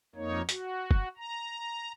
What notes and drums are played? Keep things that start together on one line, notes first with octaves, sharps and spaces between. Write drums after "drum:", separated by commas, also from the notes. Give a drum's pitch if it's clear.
F2 A#3 D#4 C#5
F#4, drum: hi-hat
drum: kick
A#5